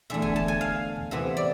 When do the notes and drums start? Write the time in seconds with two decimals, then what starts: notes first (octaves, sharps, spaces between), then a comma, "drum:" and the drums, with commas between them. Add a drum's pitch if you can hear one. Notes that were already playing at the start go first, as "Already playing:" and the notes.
0.10 E2 D3 A3 E5
0.22 G#5, drum: kick
0.36 A5, drum: kick
0.48 G#5
0.61 F5
0.96 drum: tom
1.11 C3 E3 B3 E5
1.37 D5